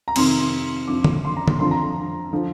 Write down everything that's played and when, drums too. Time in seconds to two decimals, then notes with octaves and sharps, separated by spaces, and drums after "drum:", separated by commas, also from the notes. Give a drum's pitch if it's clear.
0.08 A#5
0.16 F2 C3 D#3 C6, drum: cymbal
0.88 F2 D3 F3 D6
1.04 drum: tom D3
1.25 C6
1.37 A#5
1.48 C6, drum: tom D3
1.59 F2 D3 F3 C6
1.71 A#5
2.33 D3 F3